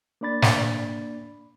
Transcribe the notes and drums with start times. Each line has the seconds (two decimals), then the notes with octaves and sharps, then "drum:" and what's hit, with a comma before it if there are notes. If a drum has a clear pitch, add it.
0.21 A#3 D4 D5 B5 A6
0.42 drum: snare